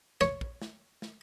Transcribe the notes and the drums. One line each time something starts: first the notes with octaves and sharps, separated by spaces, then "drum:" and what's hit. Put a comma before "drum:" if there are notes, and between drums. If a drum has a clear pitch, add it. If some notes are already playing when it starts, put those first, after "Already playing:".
C#5, drum: snare
drum: kick
drum: snare
drum: snare